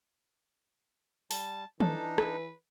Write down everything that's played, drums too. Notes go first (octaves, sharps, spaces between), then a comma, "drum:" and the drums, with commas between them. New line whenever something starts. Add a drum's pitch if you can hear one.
G3 A5, drum: open hi-hat
E3 D4 D#4 A4, drum: tom D#3
B4, drum: rim click